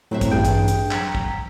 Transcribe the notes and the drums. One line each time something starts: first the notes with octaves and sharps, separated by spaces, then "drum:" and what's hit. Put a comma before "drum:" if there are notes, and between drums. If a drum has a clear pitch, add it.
A2 F#3 C4 E5
drum: kick, hi-hat
A1 G2 D4 G#4 G5
drum: hi-hat
drum: hi-hat
F#3 F#5 B6, drum: clap
drum: kick